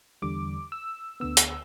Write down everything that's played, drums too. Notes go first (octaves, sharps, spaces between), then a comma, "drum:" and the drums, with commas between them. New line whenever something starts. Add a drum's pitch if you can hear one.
E2 D3 G3 D6
E6
D2 D3 B3 E6
drum: hi-hat